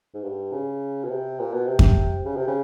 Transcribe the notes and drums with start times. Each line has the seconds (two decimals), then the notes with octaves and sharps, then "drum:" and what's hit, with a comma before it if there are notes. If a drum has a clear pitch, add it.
0.14 G#2
0.24 G2
0.53 C#3
1.04 B2
1.11 C3
1.39 A#2
1.53 B2
1.67 C3
1.79 drum: kick F2
2.25 C#3
2.37 C3
2.48 C#3